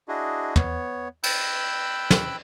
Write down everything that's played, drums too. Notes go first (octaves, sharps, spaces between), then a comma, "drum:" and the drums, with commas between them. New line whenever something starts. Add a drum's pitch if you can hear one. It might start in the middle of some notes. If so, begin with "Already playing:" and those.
D4 E4 F#4 G#4 D#5
B3 C#5, drum: tom
G5 B5 E6 F#6 G6, drum: cymbal
drum: snare